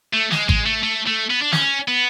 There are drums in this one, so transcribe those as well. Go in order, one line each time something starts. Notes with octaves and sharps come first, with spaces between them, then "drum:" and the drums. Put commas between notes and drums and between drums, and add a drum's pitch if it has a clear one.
A3
G#3, drum: snare
G#3, drum: kick G#1
A3
A3
A3
B3
D4
C#4, drum: snare
B3